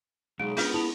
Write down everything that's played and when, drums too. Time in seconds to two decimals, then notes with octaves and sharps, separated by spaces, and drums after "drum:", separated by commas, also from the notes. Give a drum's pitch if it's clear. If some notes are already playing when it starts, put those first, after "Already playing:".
0.40 B1 G#3 G#4 D7
0.57 B3 C#4 D4 F4 F6 G6, drum: open hi-hat
0.74 E4 A5 F7